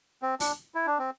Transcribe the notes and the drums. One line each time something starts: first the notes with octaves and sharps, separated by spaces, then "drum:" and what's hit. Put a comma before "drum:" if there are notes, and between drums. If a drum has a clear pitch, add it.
C4
D4, drum: open hi-hat
E4
D4
C4